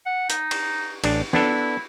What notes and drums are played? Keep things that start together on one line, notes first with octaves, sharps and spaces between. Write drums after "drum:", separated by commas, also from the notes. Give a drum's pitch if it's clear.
F#5
D#4, drum: hi-hat
drum: cymbal
A1 D4, drum: cymbal
B3 D4 E4 A4, drum: snare